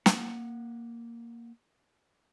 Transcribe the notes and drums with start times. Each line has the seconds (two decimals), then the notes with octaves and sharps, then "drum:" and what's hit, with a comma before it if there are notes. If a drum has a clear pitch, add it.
0.06 A#3 F#5, drum: snare